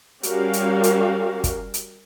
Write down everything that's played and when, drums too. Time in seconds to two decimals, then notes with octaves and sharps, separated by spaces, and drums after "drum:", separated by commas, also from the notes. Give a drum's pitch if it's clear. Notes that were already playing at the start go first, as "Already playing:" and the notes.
0.23 G3 C#4 F#4 G4 A#4 F5, drum: hi-hat
0.53 drum: hi-hat
0.83 drum: hi-hat
1.44 drum: kick, hi-hat
1.74 drum: hi-hat